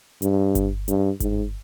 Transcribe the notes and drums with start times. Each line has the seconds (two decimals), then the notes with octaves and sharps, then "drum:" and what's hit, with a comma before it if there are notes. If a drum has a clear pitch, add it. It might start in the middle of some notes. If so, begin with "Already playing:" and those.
0.22 G2, drum: hi-hat
0.55 drum: kick G1, hi-hat
0.88 G2, drum: hi-hat
1.20 G#2, drum: kick G1, hi-hat